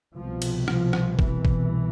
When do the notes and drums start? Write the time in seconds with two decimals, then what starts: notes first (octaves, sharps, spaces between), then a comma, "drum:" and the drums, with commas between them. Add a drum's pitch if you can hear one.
0.16 C2 B2 F3
0.42 drum: cymbal
0.68 F3, drum: rim click
0.93 drum: rim click
1.19 E3, drum: kick G1
1.45 drum: kick G1